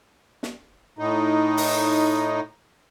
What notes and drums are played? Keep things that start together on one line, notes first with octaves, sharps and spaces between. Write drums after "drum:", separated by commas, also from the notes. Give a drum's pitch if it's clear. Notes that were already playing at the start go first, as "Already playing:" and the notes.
drum: snare
A2 D#4
drum: open hi-hat